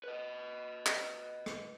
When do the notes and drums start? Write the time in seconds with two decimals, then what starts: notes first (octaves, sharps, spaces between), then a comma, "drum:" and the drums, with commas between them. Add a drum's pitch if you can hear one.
0.04 B4 D#5
0.86 drum: clap
1.46 drum: rim click